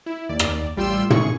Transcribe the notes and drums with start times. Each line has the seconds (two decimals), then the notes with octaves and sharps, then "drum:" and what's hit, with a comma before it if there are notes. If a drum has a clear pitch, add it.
0.06 E4
0.29 D#2 D5
0.39 drum: rim click
0.76 A1 G3 F4 G5 C6 E6
1.10 G#4 C#6, drum: tom